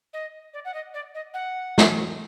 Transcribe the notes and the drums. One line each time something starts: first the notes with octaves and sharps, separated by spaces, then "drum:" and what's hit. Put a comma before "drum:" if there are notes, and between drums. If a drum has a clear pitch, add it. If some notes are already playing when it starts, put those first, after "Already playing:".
D#5
D5
F#5
D#5
D5
D#5
F#5
drum: snare